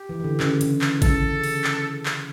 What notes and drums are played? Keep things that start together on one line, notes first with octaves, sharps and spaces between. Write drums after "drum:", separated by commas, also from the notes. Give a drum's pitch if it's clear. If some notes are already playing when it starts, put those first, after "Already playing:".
Already playing: G4
E3
E3
D3
C#3, drum: clap
C#3, drum: hi-hat
drum: clap
C#3 A4, drum: kick G#1, hi-hat
drum: open hi-hat
drum: clap
drum: clap